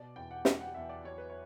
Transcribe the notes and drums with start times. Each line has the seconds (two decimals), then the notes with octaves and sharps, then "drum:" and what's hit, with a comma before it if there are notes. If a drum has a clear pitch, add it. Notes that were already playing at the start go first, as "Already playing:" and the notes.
Already playing: B2 D5
0.16 E2 G5
0.31 F#5
0.45 F#3 G5, drum: snare
0.60 F#5
0.74 E2 E5
0.89 D5
1.04 F#3 C#5
1.18 B4
1.30 C#5